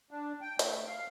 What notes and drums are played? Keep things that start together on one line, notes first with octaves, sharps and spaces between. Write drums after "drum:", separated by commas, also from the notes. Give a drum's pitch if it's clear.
D4
G5
A3, drum: hi-hat
F5